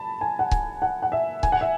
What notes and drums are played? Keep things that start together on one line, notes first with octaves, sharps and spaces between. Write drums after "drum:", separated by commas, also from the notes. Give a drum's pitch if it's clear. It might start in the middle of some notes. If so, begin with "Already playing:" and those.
Already playing: A5 B5
G#5
F#5
G#5, drum: kick C#1
F#5
F#5
E5
G#5, drum: kick C#1
F#5
E5